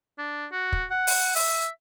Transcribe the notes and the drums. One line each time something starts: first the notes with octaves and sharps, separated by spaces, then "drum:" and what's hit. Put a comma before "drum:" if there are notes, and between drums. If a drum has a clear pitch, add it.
D4
F#4
drum: kick
F#5
drum: open hi-hat
E5, drum: open hi-hat